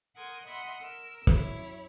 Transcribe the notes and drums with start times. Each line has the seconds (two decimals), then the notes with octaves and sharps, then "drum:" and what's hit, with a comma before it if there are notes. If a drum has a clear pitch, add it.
0.16 A#4 F#5 C6 D#6 G#6
0.47 D#5 E5 F#5 B5 C6 D#6
0.82 A#4 E6
1.27 F#2 E4 C#5, drum: kick